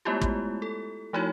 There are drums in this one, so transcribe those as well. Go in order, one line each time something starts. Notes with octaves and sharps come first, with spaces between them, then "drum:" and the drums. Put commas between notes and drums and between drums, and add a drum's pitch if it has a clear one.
G#3 A3 B3 E4 F4 G4
drum: kick
A4
F3 A3 D#4 E4 F#4 C#5